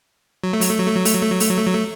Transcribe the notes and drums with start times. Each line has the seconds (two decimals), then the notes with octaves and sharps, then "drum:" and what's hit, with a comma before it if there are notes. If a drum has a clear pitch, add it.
0.44 F#3
0.53 A3
0.61 F#3, drum: open hi-hat
0.71 A3
0.79 F#3
0.87 A3
0.96 F#3
1.05 A3, drum: open hi-hat
1.14 F#3
1.22 A3
1.31 F#3
1.40 A3, drum: open hi-hat
1.49 F#3
1.57 A3
1.66 F#3
1.75 A3